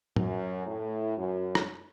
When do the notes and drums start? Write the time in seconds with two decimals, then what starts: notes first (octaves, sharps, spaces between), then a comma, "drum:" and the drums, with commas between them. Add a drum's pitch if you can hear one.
0.16 F#2, drum: tom
0.66 A2
1.16 F#2
1.55 drum: rim click